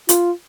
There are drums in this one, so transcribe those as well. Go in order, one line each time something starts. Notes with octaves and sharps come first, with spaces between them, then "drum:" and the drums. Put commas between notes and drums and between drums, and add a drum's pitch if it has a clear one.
F4, drum: hi-hat